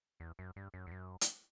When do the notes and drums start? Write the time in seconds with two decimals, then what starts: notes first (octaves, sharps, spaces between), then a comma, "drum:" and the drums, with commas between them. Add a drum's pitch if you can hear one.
0.20 E2
0.39 F#2
0.56 G2
0.74 F#2
0.87 E2
0.91 F#2
1.21 drum: hi-hat